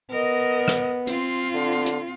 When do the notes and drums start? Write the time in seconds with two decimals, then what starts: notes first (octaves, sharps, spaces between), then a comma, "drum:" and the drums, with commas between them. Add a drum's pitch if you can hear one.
0.11 B3 A#4 D#5
0.68 drum: rim click
1.07 C4 F4, drum: hi-hat
1.54 D3
1.86 drum: hi-hat